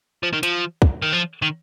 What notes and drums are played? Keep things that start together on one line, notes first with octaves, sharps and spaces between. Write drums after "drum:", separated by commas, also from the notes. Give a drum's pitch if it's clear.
F3
D#3
F3, drum: hi-hat
drum: kick
D#3
F3
D#3